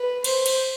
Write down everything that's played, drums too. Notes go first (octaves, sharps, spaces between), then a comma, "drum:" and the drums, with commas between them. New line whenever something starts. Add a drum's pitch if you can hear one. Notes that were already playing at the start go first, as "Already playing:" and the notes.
Already playing: B4
C5, drum: cymbal
drum: cymbal